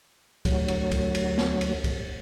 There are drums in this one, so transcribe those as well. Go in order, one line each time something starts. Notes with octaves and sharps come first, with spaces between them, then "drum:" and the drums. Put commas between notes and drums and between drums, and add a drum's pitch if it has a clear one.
D2 F#3, drum: kick, cymbal
drum: cymbal
drum: kick, cymbal
drum: cymbal
drum: snare A#3
drum: cymbal
drum: kick, cymbal